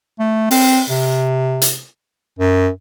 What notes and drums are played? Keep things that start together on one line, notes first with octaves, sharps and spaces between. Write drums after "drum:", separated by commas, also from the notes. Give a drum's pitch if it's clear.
A3
C4, drum: open hi-hat
C3
drum: hi-hat
F#2